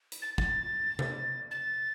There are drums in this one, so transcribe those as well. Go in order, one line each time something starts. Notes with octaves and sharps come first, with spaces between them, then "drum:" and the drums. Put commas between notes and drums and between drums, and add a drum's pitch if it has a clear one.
drum: hi-hat
A6
A6, drum: kick
drum: tom C3
A6